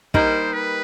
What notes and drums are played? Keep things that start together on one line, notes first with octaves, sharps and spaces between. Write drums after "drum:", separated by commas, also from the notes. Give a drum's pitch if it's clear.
G3 A#3 D#4 G4 A#4 C5, drum: kick
B4